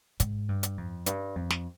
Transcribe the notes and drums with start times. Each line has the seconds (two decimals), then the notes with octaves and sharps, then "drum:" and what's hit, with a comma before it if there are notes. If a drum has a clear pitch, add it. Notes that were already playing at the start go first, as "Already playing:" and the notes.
0.20 G#2, drum: kick, hi-hat
0.49 G2
0.63 drum: hi-hat
0.78 F2
1.06 G2, drum: hi-hat
1.36 F2
1.50 drum: snare